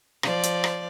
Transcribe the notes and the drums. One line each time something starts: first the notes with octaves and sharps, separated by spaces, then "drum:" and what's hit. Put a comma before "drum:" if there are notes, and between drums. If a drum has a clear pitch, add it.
F3 D5, drum: rim click
drum: hi-hat
drum: rim click